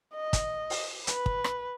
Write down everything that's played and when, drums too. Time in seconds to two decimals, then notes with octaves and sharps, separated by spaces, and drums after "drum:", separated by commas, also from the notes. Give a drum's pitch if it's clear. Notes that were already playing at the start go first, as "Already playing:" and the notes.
0.14 D#5
0.33 drum: kick, hi-hat
0.70 drum: open hi-hat
1.07 B4, drum: hi-hat
1.26 drum: kick
1.44 drum: rim click